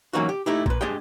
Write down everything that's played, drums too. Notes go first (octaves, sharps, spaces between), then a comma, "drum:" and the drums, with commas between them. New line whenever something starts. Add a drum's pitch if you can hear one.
E3 F#3 A#3 C#4 D#4 F#4
G4
A3 D#4 E4 G4
A#2 B4, drum: kick A#1
G#3 D4 G4 G#4 D#5 G5